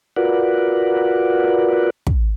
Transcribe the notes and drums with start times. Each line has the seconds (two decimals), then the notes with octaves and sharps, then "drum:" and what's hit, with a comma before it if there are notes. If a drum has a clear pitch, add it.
0.16 F4 F#4 A#4 B4 D5 F#5
2.07 drum: kick